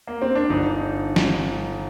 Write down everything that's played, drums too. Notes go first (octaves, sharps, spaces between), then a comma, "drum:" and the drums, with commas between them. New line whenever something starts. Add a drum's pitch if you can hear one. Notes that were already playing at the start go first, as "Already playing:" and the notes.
A#3
C4
D4
G1 D#4
drum: snare